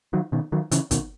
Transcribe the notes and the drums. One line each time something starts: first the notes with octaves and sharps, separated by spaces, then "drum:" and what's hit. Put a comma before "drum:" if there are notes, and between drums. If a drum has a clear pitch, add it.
D#3 F#3
B2 D#3
D#3 F#3
C#3 E3, drum: hi-hat
B2 D#3, drum: kick, hi-hat